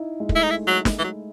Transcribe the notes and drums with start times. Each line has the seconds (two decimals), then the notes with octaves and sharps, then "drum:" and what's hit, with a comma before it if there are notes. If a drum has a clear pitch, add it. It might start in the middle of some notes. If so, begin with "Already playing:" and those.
Already playing: D#4 E4
0.20 G#3
0.29 A3, drum: kick
0.36 E4
0.43 D#4
0.50 E4
0.67 F#3
0.85 drum: snare
0.99 E3
1.04 F#3